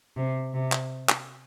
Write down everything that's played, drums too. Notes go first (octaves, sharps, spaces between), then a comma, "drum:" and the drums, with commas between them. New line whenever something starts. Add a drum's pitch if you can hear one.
C3
C3
drum: clap
drum: clap